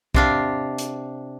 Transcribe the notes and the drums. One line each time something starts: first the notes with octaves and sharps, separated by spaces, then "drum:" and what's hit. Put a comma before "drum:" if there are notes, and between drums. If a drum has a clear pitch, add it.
C3 D4 F5, drum: kick B1
drum: hi-hat